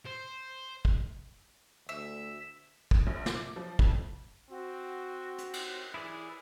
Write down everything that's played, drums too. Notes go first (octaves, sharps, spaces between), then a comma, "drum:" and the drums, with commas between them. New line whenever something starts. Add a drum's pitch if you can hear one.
C5
drum: kick
D2 E5
drum: kick
A#1
D6, drum: snare
F3
F2, drum: kick
C4 F#4
drum: hi-hat
drum: cymbal
E3 E4 G#4 D5